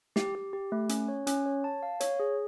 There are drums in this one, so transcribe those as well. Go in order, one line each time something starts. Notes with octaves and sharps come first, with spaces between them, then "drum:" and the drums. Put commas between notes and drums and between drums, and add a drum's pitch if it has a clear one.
G4, drum: snare
G4
G4
A3
C#4, drum: hi-hat
C#5
C#4, drum: hi-hat
C#5
A5
F5
C#5, drum: hi-hat
G#4